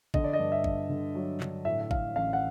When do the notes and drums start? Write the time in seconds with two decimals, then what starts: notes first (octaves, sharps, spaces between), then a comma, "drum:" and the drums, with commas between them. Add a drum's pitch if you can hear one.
0.14 D3 D#5, drum: kick G#1
0.24 D5
0.33 D#5
0.39 G2
0.52 E5
0.64 G2, drum: kick G#1
0.89 D3
1.15 F#3
1.40 D3, drum: clap
1.65 A2 E5
1.81 E5
1.91 A2 F5, drum: kick G#1
2.16 A1 F5
2.33 F#5